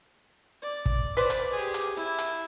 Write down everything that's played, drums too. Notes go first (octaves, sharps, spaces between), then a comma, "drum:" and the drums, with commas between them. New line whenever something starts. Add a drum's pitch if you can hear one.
D5
drum: kick
B4 C5 D5
drum: hi-hat
G4 G#4
drum: hi-hat
E4
drum: hi-hat